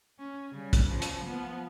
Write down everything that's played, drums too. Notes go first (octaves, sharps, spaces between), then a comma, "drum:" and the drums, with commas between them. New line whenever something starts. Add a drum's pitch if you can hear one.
C#4
C#3 G3
drum: kick, hi-hat
C#3 F3
drum: hi-hat
F3 B3